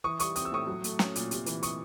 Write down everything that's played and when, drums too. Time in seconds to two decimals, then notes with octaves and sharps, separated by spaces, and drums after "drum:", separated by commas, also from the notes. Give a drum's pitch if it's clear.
0.04 E3 C#6 D#6
0.20 G3 C#6 D#6, drum: hi-hat
0.36 C4 D#6, drum: hi-hat
0.45 E6
0.52 A2 C#6 D#6
0.67 F#3
0.84 A3, drum: hi-hat
0.99 C#4, drum: snare
1.16 A#2, drum: hi-hat
1.31 C3, drum: hi-hat
1.46 E3, drum: hi-hat
1.63 C#6 D#6, drum: hi-hat